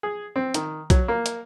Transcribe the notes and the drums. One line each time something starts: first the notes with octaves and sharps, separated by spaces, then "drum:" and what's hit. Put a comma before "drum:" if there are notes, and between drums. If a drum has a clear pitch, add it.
G#4
C4
D#3, drum: hi-hat
F#3, drum: kick B1, hi-hat
A#3
drum: hi-hat